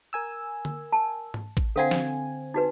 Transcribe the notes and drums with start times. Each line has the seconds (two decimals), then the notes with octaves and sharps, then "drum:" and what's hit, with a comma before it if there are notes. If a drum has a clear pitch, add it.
0.13 A#4 G#5 E6
0.65 drum: tom D3
0.92 A5
1.34 drum: tom G#2
1.57 drum: kick
1.76 D3 C4 A4 F5 F#5 G#5
1.91 drum: snare
2.54 D#4 F#4 B4